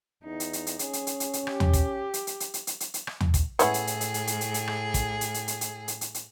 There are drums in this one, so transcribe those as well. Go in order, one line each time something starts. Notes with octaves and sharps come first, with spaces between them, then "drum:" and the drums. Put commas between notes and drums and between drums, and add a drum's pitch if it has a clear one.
E2 D#4
drum: hi-hat
drum: hi-hat
drum: hi-hat
C#4 G#4, drum: hi-hat
drum: hi-hat
drum: hi-hat
drum: hi-hat
drum: hi-hat
G4, drum: rim click
drum: tom
drum: kick, hi-hat
drum: hi-hat
drum: hi-hat
drum: hi-hat
drum: hi-hat
drum: hi-hat
drum: hi-hat
drum: hi-hat
drum: rim click
drum: tom
drum: kick, hi-hat
A2 B3 C#4 E4 G#4, drum: hi-hat
drum: hi-hat
drum: hi-hat
drum: hi-hat
drum: hi-hat
drum: hi-hat
drum: hi-hat
drum: hi-hat
drum: rim click
drum: kick, hi-hat
drum: hi-hat
drum: hi-hat
drum: hi-hat
drum: hi-hat
drum: hi-hat
drum: hi-hat
drum: hi-hat